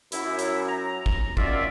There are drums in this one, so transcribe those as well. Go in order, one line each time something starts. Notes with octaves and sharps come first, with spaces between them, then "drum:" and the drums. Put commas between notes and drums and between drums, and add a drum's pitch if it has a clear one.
F#2 E4, drum: hi-hat
drum: hi-hat
A#5
drum: kick
F#2 D#3 C#4 F4 D5 E5, drum: kick